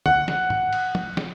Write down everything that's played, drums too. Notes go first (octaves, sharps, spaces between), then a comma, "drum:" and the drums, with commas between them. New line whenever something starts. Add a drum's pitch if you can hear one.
F#5, drum: tom D3
drum: snare
drum: tom G#2
drum: cymbal
drum: tom
drum: snare